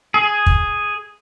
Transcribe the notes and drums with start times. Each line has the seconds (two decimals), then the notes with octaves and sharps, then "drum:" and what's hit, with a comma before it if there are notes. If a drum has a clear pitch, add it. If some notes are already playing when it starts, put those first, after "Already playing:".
0.14 G#4
0.46 drum: kick